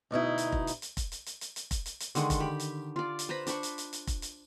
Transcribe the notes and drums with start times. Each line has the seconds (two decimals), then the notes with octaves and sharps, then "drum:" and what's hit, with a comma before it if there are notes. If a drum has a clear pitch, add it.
0.11 D2 B2 D#4 E4
0.38 drum: hi-hat
0.52 drum: kick F1
0.67 drum: hi-hat
0.82 drum: hi-hat
0.97 drum: kick F1, hi-hat
1.12 drum: hi-hat
1.26 drum: hi-hat
1.41 drum: hi-hat
1.56 drum: hi-hat
1.71 drum: kick F1, hi-hat
1.86 drum: hi-hat
2.00 drum: hi-hat
2.15 D3 D#3 G#3 F#5, drum: hi-hat
2.30 drum: kick F1, hi-hat
2.40 G4 B5
2.60 drum: hi-hat
2.96 F4 D5
3.19 drum: hi-hat
3.29 B4 C5 A#5 B5
3.47 D4 C5 B5 C#6, drum: hi-hat
3.63 drum: hi-hat
3.78 drum: hi-hat
3.93 drum: hi-hat
4.07 drum: kick F1, hi-hat
4.22 drum: hi-hat